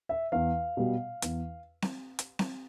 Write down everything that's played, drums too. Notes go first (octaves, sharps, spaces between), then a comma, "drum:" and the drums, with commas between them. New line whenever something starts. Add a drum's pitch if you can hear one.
E5
E2 F5
B2 G3
E2, drum: hi-hat
drum: snare C4
drum: hi-hat
drum: snare C4